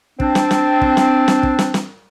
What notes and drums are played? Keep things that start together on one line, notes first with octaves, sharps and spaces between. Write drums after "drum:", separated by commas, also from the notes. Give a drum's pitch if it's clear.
C4 D4, drum: kick
drum: snare
drum: snare
drum: kick
drum: snare
drum: snare
drum: kick
drum: snare
drum: snare